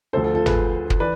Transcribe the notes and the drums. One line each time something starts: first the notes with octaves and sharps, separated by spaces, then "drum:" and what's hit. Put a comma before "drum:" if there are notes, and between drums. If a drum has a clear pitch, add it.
D2 D3 F3 A4 C5
F4 A4
F4 A4
G#4 B4, drum: tom
drum: kick
E3 B4 D5